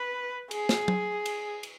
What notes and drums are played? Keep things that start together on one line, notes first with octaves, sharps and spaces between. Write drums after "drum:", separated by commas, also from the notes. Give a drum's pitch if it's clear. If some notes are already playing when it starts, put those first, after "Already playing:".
Already playing: B4
G#4, drum: cymbal
drum: snare
drum: tom
drum: cymbal
drum: cymbal